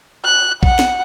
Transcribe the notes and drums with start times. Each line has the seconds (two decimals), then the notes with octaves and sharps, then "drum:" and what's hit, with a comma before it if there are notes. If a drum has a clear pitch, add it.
0.25 F#6
0.63 F#5, drum: kick B1
0.79 drum: snare